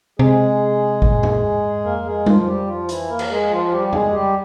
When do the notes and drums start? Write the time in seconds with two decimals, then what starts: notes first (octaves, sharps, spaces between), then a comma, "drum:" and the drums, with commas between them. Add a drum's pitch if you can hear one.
0.19 C3 G#3 G#4
1.02 A#2, drum: kick G#1
1.23 drum: tom E2
1.44 G#2
1.85 F2 A#3 A#4
2.06 G#3 G#4
2.26 F3 F4, drum: tom G3
2.47 G3 G4
2.68 F3 F4
2.89 E3 E4, drum: hi-hat
3.10 A#3 A#4
3.19 drum: cymbal
3.30 G#3 G#4
3.51 E2 F3 F4
3.72 G3 G4
3.87 G4
3.93 G#3 G#4, drum: tom E2
4.13 G3 G4